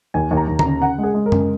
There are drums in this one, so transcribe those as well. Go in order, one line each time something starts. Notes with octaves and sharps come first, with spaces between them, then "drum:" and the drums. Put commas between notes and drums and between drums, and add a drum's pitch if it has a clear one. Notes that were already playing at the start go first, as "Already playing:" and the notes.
D#2 G#5
D#2
A#5
D#2
A#5, drum: tom D3
C#3
C#3 F#5
G#3
G#4
G#3
A#4
C#3, drum: tom F#2